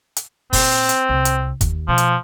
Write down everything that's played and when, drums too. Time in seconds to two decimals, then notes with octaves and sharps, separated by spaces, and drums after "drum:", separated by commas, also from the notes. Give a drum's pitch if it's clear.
0.16 drum: hi-hat
0.53 A#2 C4, drum: kick, open hi-hat
0.89 drum: hi-hat
1.09 C2
1.25 drum: hi-hat
1.61 D#2, drum: kick, hi-hat
1.88 B2 F3
1.98 drum: hi-hat